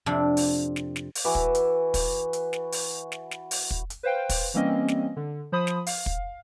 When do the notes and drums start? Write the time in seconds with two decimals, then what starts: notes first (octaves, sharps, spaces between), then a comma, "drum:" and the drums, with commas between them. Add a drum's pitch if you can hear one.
0.06 F2 C3 D4
0.37 drum: open hi-hat
0.76 drum: snare
0.96 drum: snare
1.15 drum: open hi-hat
1.25 E3 F#4 B4 D6
1.35 drum: kick
1.55 drum: hi-hat
1.94 drum: kick, open hi-hat
2.33 drum: hi-hat
2.53 drum: snare
2.72 drum: open hi-hat
3.12 drum: snare
3.31 drum: snare
3.51 drum: open hi-hat
3.71 drum: kick
3.90 drum: hi-hat
4.03 B4 C5 F5 G5
4.29 drum: kick, open hi-hat
4.54 E3 G3 A#3 C4 C#4 D#5
4.88 drum: snare
5.17 D3
5.52 F3 C5 B5 D#6
5.67 drum: snare
5.87 F5, drum: open hi-hat
6.06 drum: kick